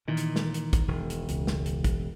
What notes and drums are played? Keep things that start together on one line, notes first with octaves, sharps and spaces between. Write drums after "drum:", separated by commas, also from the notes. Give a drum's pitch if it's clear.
A#2 D#3 E3
drum: hi-hat
drum: snare
drum: hi-hat
drum: kick, hi-hat
E1
drum: hi-hat
C#2, drum: hi-hat
drum: snare
drum: hi-hat
drum: kick, hi-hat